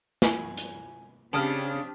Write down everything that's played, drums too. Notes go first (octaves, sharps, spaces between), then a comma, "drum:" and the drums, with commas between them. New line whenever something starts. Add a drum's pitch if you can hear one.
G#5, drum: snare
drum: hi-hat
C#3 C4 D4 G4 A5 D#6 F6